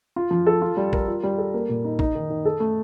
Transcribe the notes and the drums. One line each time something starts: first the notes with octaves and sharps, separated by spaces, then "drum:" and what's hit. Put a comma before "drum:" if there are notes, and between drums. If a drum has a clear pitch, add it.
F4
F3
A4
F4
G3
A#4, drum: kick
F4
G3
A4
A#3
A#2
D#4
D#4, drum: kick
D#3
D#3
A4
A3